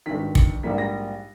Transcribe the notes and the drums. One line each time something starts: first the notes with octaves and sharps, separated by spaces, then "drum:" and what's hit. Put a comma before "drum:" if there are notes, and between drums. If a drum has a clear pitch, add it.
G#1 G2 D#3 B6
C#7, drum: kick
A#1 G#2 G3 A#3 B6
A#6